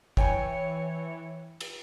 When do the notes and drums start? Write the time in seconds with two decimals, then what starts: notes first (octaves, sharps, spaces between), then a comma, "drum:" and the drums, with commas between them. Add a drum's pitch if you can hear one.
0.17 E3 C#5 G5 G#5, drum: kick
1.61 drum: cymbal